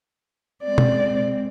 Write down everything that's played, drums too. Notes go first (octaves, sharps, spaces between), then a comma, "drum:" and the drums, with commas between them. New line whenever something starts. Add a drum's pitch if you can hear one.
G#3 C4 D5
drum: tom B2